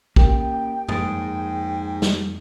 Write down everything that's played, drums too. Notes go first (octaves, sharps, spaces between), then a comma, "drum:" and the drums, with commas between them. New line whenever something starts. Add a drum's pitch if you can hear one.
A#3 C#4 G4 A#4 G5, drum: kick
F2 G#2 A#3 G5 D#6 A6 D7, drum: tom G2
drum: snare